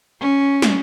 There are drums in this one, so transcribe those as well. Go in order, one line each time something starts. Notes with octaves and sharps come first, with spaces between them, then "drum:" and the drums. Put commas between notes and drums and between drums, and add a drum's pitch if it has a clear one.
C#4
drum: snare